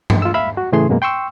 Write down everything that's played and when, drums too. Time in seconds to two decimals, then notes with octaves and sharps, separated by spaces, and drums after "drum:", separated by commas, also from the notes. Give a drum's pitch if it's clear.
0.10 drum: tom G2
0.22 F4 E6
0.34 E5 F5 B5
0.57 F#4
0.72 A2 C#3 E3 A3 G#4 C6
0.89 F#2 B2 G#3 A#3
1.02 G5 C6 C#6 E6